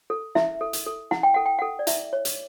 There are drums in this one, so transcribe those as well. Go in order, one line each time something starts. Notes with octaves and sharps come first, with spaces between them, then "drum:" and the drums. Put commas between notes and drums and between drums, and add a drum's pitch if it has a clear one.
A4
E4 E5, drum: snare
A4
drum: hi-hat
A4
E4 F#5, drum: snare
G5
A4 F#5
G5
A4 F#5
D5
E4 E5, drum: hi-hat
C#5
drum: hi-hat